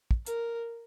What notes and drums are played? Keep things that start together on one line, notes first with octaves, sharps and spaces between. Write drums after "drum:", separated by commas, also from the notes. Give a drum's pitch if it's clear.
drum: kick
A#4, drum: hi-hat